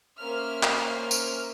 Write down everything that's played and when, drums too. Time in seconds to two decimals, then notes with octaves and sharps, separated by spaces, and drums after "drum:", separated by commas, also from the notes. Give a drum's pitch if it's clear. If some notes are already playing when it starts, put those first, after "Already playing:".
0.18 A#3 C#4 C5 E5 F6
0.63 drum: clap
1.11 drum: tambourine